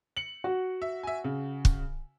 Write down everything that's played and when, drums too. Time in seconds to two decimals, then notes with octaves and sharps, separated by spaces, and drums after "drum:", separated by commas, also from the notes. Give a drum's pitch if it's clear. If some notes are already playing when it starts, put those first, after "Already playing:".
0.17 C#7 F#7
0.44 F#4
0.82 E5
1.03 E5 G#5
1.24 C#3
1.65 drum: kick